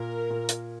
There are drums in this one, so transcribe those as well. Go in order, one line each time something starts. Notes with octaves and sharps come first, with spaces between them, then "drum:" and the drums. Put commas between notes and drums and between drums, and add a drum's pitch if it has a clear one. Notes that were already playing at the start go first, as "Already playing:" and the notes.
Already playing: A#2 A#4
A#2
drum: hi-hat